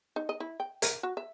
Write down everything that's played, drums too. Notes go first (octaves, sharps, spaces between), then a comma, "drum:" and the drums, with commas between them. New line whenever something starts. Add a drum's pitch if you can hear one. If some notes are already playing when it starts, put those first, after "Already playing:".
D#4
D#5
E4
G5
A#4, drum: hi-hat
F#4
E5